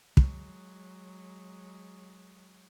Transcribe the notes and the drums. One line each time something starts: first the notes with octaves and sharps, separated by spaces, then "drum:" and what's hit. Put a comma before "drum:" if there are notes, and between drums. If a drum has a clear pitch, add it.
F#3 G#3, drum: kick